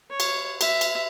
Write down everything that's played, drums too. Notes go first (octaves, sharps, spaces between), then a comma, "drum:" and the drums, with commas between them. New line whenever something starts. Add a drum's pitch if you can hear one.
C#5
drum: cymbal
E5, drum: cymbal
drum: cymbal